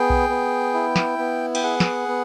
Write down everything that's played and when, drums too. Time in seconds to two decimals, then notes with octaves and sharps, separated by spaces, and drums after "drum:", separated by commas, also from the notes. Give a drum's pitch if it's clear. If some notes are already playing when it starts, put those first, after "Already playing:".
Already playing: B3 G#4 G5
0.10 drum: kick B1
0.29 B3
0.74 E4
0.96 drum: snare
1.19 B3
1.55 G5, drum: cymbal
1.64 G#4 F#5
1.80 drum: snare
2.08 B3